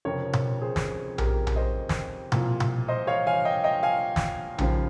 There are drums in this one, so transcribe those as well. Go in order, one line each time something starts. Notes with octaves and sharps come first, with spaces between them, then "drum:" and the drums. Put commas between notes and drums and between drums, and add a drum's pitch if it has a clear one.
F1 F2 C#3 F3 A#4 C#5
drum: tom B2
G#4 C5
drum: snare
G4 A#4, drum: tom A#1
drum: tom A#1
C5 D#5
drum: snare
C2 A#2 F3, drum: tom B2
drum: tom B2
C5 D#5
C#5 F5
F5 G#5
D#5 G5
D#5 G5
F5 G#5
drum: snare
D#2 C#3 F3, drum: tom A#1